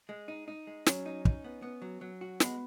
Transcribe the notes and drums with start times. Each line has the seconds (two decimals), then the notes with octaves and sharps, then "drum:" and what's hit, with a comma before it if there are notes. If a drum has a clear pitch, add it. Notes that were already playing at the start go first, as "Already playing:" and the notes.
0.09 G#3
0.28 D#4
0.48 D#4
0.67 G#3
0.86 F#3 C#4, drum: snare
1.06 D#4
1.25 D#4, drum: kick
1.44 B3
1.62 B3
1.82 F#3
2.01 F#3
2.21 F#4
2.40 G#3 B3, drum: snare